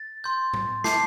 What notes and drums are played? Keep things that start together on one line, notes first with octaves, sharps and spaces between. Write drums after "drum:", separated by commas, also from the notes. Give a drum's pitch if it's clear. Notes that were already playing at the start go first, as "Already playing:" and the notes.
Already playing: A6
C6 G6
drum: tom A2
A5 D6 G6 C7, drum: snare